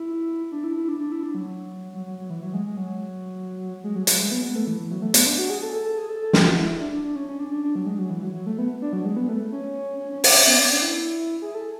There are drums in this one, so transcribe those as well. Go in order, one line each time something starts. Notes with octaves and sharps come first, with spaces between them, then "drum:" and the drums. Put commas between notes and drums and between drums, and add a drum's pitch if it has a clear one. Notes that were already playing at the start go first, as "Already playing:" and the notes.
Already playing: E4
D4
E4
E4
D4
D4
E4
D4
F#3
F#3
F#3
F#3
E3
F#3
G#3
G#3
F#3
G#3
F#3
F#3, drum: hi-hat
G#3
B3
B3
A3
E3
E3
F#3
A3
B3, drum: hi-hat
D4
F#4
G#4
A4
A4
A4
G#4
A4
A4
G#4, drum: snare
F#4
E4
D4
D4
D4
C#4
C#4
D4
D4
D4
F#3
G#3
F#3
E3
F#3
F#3
A3
B3
D4
F#3
G#3
B3
A3
C#4
C#4
C#4
C#4, drum: open hi-hat
C#4
B3
C#4
D4
E4
G#4
A4